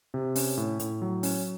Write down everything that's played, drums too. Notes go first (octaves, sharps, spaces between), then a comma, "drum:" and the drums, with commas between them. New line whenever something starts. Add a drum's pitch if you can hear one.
C3
C#4, drum: open hi-hat
A2
A2, drum: hi-hat
F#3
C#4, drum: open hi-hat